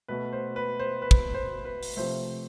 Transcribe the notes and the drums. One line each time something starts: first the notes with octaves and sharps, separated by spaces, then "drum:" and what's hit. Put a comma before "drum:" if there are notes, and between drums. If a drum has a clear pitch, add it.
B2 A3 B4
C5
B4
C5
B4
drum: kick
C5
B4
drum: open hi-hat
C3 F3 A3 C5